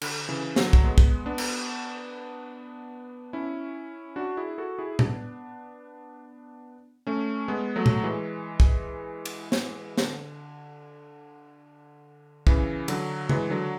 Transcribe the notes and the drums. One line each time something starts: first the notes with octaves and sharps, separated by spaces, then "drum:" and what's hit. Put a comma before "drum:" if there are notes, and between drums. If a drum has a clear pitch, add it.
D3, drum: cymbal
C#3 E3
D3 F#3, drum: snare
drum: kick
G#3 B3
drum: kick
B3 D4
drum: cymbal
C#4 E4
D4 F#4
E4 G#4
F#4 A4
E4 G#4
B3 D4, drum: tom A#2
A3 C#4
G#3 B3
F#3 A3
drum: tom A#2
E3 G#3
drum: kick
drum: cymbal
drum: snare
D3, drum: snare
C#3 E3, drum: kick
D3 F#3, drum: cymbal
E3 G#3, drum: tom C#3
D3 F#3